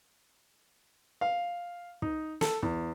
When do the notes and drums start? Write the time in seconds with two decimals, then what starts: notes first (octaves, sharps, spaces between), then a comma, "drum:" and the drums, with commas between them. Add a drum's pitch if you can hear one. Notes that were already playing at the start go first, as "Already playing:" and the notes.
1.21 F5
2.02 D#4, drum: kick
2.41 A4, drum: snare
2.63 E2, drum: kick